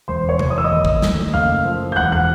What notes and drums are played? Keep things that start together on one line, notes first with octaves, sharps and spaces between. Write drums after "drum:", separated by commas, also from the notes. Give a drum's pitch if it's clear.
E1 C5 C6
C#5 C#6
E1, drum: tom C3
D#6
E6
D#5 D#6
D#2
drum: kick
A3, drum: snare
F#1 F5 F6
F3
G6
E1 F#5 F#6
F#5 F#6